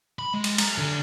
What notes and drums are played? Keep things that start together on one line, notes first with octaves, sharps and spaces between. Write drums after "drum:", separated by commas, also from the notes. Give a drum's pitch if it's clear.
B5
G#3
drum: cymbal
A#5, drum: cymbal
D3